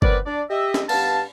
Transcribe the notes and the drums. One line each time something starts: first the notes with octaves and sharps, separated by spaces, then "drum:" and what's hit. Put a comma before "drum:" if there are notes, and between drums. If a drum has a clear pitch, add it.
B3 C4 A#4 B4 D5, drum: kick F#1
D4 D5
G4 D#5 E5
drum: snare
G2 B3 F5 A5, drum: cymbal